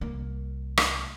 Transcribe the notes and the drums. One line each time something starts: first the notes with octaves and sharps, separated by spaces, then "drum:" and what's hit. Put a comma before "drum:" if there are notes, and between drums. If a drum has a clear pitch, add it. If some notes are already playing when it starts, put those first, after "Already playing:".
C2 A#3
drum: rim click